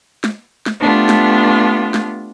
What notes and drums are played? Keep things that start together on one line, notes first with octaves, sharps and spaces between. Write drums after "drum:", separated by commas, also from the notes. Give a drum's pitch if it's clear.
drum: snare
drum: snare
A3 B3 D4 F4 G4
drum: snare
drum: snare